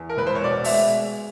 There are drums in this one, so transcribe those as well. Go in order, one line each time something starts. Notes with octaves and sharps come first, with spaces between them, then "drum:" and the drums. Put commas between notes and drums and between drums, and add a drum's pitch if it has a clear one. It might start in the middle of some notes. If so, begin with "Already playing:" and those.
Already playing: E2
A#4
E1 B4
C5
C#5
B2 D5
E5, drum: open hi-hat
G#3